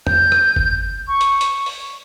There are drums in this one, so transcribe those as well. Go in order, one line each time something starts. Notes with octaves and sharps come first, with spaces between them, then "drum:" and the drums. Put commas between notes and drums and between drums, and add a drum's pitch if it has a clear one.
G6, drum: tom
drum: rim click
drum: kick G1
C#6
drum: hi-hat
drum: hi-hat
drum: open hi-hat